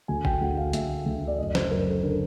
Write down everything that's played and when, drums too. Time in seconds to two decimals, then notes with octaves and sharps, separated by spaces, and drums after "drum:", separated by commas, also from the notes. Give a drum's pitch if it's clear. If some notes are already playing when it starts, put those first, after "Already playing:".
0.08 D2 G#5
0.25 G5, drum: kick
0.41 D2 F#5
0.57 F5
0.73 D2 E5, drum: hi-hat
1.06 D2
1.28 D5
1.38 F#1 D#5
1.55 C5, drum: snare
1.71 F#2 A#4
1.87 A4
2.03 D3 A#4